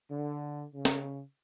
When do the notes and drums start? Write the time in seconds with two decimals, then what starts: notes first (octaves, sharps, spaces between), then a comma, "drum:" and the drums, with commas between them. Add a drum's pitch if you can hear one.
0.11 D3
0.75 C#3
0.85 drum: snare